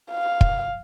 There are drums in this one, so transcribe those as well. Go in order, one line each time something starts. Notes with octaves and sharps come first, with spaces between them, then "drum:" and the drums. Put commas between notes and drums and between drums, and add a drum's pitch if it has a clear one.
F5
drum: kick